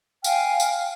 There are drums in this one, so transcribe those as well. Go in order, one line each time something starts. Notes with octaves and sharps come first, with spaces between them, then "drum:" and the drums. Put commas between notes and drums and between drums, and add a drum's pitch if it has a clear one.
F5 G5 G#5 F6, drum: tambourine
drum: tambourine